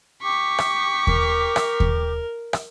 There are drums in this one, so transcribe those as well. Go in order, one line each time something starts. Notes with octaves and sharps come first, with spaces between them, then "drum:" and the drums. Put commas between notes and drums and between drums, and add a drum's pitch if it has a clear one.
G4 C#6 D6 B6
drum: rim click
A#4, drum: kick D#2
drum: rim click
drum: kick D#2
drum: rim click